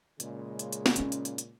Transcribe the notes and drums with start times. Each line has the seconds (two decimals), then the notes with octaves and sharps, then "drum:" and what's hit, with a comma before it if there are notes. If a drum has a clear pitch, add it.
0.20 A#2 C#3 G#3, drum: hi-hat
0.59 drum: hi-hat
0.73 drum: hi-hat
0.86 drum: snare
0.96 C#4 D#4, drum: hi-hat
1.12 drum: hi-hat
1.25 drum: hi-hat
1.38 drum: hi-hat